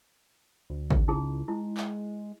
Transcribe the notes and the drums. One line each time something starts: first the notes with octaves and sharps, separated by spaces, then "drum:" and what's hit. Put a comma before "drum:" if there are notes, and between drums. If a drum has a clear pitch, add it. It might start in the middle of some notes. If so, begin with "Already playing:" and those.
D2
drum: kick
C#2 D#4 E4 G#4
G#3 E4
drum: clap